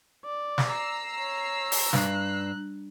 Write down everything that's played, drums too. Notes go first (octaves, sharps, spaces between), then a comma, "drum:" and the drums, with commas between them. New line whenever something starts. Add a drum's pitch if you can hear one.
D5
drum: snare
A#5 E6 C7
C#5
drum: open hi-hat
G2 F#6, drum: snare